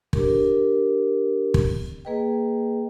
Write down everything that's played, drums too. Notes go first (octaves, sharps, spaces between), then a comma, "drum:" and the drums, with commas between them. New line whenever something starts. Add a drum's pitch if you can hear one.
D4 G4 A#4, drum: kick
drum: kick
A#3 G#4 B4 D#5 G5